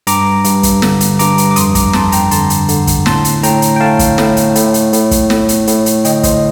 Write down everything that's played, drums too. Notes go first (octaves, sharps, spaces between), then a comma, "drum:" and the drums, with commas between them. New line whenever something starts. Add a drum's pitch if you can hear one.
G2 A#5 D6, drum: hi-hat
G2, drum: hi-hat
drum: kick, hi-hat
D3, drum: snare
drum: hi-hat
G2 A#5 D6, drum: hi-hat
drum: hi-hat
D6
F2 C6 D#6, drum: hi-hat
A#5 D6, drum: kick, hi-hat
F2 A5 C6, drum: snare
G5 A#5, drum: hi-hat
D3 A5 C6, drum: hi-hat
drum: hi-hat
D3, drum: hi-hat
drum: kick, hi-hat
A2 A5 C6, drum: snare
drum: hi-hat
A2 G5 A#5, drum: hi-hat
drum: hi-hat
G5
A2 F5 A5
drum: kick, hi-hat
A2, drum: snare
drum: hi-hat
A2, drum: hi-hat
drum: hi-hat
A2, drum: hi-hat
drum: kick, hi-hat
A2, drum: snare
drum: hi-hat
A2, drum: hi-hat
drum: hi-hat
D3 D#5 G5, drum: hi-hat
C5 D#5, drum: kick, hi-hat